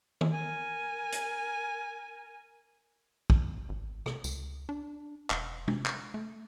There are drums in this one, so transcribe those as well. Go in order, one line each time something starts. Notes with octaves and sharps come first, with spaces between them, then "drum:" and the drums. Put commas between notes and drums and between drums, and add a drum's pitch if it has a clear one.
drum: tom D#3
A#4 G#5
drum: hi-hat
drum: kick
G#1
C3, drum: rim click
C#2, drum: tambourine
D4
E1, drum: clap
C3, drum: tom
drum: clap
A3